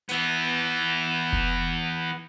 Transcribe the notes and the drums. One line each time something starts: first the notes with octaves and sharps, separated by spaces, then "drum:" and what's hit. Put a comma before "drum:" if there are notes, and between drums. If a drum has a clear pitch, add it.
E3 B3, drum: hi-hat
drum: kick F1